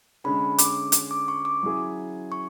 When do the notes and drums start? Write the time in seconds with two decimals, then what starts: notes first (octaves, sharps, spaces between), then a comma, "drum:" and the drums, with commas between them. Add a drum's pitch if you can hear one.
0.24 D3 G#3 C#4 B5
0.58 D6, drum: hi-hat
0.92 drum: hi-hat
1.11 D6
1.28 C#6
1.45 D6
1.63 F#3 C#4 E4 G#4
2.32 C#6